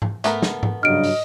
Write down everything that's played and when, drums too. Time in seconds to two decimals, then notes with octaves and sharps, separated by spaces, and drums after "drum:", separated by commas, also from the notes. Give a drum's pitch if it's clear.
0.02 drum: tom G#2
0.24 A3 B3 A#4, drum: hi-hat
0.42 drum: snare
0.63 drum: tom G#2
0.83 G2 C#3 F#3 D#5 F6 D7
1.03 drum: open hi-hat